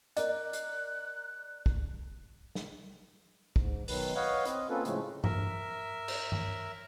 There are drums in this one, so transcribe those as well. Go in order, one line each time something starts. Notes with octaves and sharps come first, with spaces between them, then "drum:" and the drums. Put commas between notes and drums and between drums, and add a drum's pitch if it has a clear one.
A#4 D5 D#5 F#6, drum: hi-hat
drum: hi-hat
drum: kick
drum: snare
G#2, drum: kick
B2 D#3 F#3 B4, drum: open hi-hat
B4 C#5 D#5 F5 F#5
C4 D#5, drum: hi-hat
A#3 C4 C#4 F4 A4 B4
A2 C#3 F3 G#3 A3, drum: hi-hat
A#4 E5, drum: tom G2
drum: cymbal
drum: tom G2